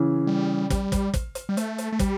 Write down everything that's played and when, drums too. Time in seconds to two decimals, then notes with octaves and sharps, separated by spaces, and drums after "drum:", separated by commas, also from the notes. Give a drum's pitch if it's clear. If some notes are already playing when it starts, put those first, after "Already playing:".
Already playing: C#3 E3
0.27 G3
0.70 G3, drum: kick, hi-hat
0.92 drum: kick, hi-hat
1.14 drum: kick, hi-hat
1.35 drum: hi-hat
1.49 G3
1.57 A3, drum: hi-hat
1.78 drum: hi-hat
1.92 A3
1.99 G3, drum: kick, hi-hat